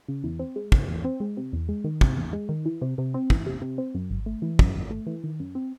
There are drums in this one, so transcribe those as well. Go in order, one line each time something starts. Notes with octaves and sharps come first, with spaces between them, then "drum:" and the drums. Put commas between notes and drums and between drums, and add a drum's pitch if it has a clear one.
C#3
E2
C4
G#3
C#3, drum: kick
E2
C4
G#3
C3
E2
G#3
D#3
C3, drum: kick
E2
G#3
D#3
E3
C3
C3
C4
E3, drum: kick
C3
C3
C4
F#2
G#1
A3
E3
F#2, drum: kick
G#1
A3
E3
D#3
F#2
C4